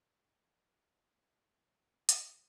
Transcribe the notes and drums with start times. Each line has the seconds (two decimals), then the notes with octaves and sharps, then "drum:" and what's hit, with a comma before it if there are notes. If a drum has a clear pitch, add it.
0.06 A4
0.28 G#4 D#5 F#5
0.96 C#4
1.16 B2 D3 E3 F#3 G#3 C4
2.09 G2 C3 G#3 B3 F#4 F5, drum: hi-hat